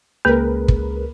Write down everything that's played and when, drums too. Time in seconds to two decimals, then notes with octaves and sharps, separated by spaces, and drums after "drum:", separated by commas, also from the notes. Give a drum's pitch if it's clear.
0.25 C#2 A#3 G#4 A#4 B4
0.68 drum: kick